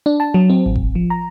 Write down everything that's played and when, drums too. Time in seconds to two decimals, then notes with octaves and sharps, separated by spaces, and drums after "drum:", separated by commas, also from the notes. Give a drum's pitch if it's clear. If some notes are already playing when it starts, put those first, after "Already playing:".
0.06 D4
0.20 A5
0.34 F#3
0.50 C4
0.66 A1
0.76 drum: kick F1
0.95 F3
1.10 A#5